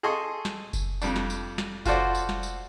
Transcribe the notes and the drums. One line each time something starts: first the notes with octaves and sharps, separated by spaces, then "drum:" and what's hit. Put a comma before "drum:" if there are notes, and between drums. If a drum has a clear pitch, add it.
G#4 A4 D#5 G#5 C6 C#6
drum: snare
drum: kick F#1, tambourine
F2 G3 D4, drum: tambourine
drum: snare
drum: tambourine
drum: snare
F4 F#4 A4 C5 D5, drum: kick F#1, tambourine
drum: tambourine
drum: snare
drum: tambourine